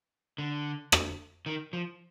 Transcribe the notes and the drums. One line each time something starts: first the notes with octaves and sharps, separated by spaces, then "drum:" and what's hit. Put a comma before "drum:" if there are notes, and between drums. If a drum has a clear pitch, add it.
D3
drum: rim click
D#3
F3